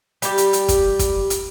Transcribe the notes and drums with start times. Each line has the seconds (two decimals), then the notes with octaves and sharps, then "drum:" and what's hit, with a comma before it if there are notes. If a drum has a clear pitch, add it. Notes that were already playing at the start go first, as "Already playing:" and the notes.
0.22 G3 G4, drum: hi-hat
0.38 drum: hi-hat
0.53 drum: hi-hat
0.68 drum: kick, hi-hat
0.99 drum: kick, hi-hat
1.30 drum: hi-hat